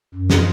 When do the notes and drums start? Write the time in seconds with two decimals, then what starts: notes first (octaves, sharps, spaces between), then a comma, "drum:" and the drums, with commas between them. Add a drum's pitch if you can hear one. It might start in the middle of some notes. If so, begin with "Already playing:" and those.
0.14 F#2
0.30 drum: snare